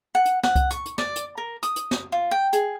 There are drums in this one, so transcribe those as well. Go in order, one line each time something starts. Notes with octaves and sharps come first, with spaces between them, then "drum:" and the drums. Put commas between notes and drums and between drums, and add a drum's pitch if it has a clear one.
F#5
drum: hi-hat
F#5, drum: snare
drum: kick C2, hi-hat
C#6, drum: hi-hat
drum: hi-hat
D5, drum: snare
drum: hi-hat
A#4
D#6, drum: hi-hat
drum: hi-hat
drum: snare
F4
G5
G#4, drum: hi-hat